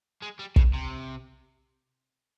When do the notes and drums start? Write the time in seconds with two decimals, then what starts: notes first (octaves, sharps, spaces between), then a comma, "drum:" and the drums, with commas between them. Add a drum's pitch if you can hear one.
0.22 G#3
0.39 G3
0.56 C#3, drum: kick
0.74 C3